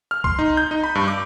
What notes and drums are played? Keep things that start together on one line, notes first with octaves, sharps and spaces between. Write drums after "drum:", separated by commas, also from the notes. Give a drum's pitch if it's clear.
F6
C6, drum: kick
D#4
G6
D#4
B5
G2
D6